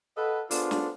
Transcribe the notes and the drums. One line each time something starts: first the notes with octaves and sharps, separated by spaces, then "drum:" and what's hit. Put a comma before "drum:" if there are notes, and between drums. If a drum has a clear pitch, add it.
A4 B4 D#5 F5 F#5 B5
B3 D4 F4 G#4 A4 C5, drum: open hi-hat
drum: snare